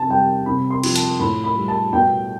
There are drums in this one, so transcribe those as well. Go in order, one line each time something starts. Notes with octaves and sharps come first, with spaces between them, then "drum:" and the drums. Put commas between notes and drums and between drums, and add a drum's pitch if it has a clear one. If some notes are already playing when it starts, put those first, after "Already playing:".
Already playing: C3 A5
G3 G5
C3 B5
C6
F3, drum: cymbal
A5, drum: hi-hat
A2 B5
B5
G3
A5
B2 G5